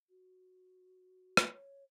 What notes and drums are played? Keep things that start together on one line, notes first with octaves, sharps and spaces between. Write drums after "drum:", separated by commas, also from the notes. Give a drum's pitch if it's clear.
F#4
drum: rim click
C#5